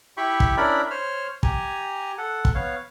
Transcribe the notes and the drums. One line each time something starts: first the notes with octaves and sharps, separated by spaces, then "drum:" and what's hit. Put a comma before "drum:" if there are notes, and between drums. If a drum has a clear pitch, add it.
E4 G4 G5 B5 C#6
drum: kick
C#4 D4 E4 A#4 D5 B5
C5 C#5 F6
G4 G#5 A#5, drum: kick
A4 F#5
drum: kick
B3 C#5 F5